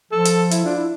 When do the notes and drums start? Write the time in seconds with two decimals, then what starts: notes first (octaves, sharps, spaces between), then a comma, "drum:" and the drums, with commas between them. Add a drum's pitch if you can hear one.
0.12 F3 A4
0.25 drum: hi-hat
0.51 E4, drum: hi-hat
0.65 D4 F4
0.77 E4